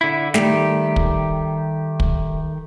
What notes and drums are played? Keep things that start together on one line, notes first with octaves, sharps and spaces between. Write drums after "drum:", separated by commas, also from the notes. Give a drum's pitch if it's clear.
D3 E4
D#3 G3 A3 G4, drum: snare
drum: kick
drum: kick